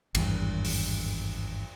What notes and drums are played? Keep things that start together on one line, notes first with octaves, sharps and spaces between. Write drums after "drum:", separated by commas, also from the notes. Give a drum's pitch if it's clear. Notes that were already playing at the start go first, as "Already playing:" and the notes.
G#1 E2 G2, drum: cymbal
drum: open hi-hat